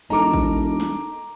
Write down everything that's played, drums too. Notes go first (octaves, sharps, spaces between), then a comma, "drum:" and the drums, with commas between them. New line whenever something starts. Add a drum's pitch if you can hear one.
E1 D#4 A4 A#4 A#5 D6
drum: kick
drum: snare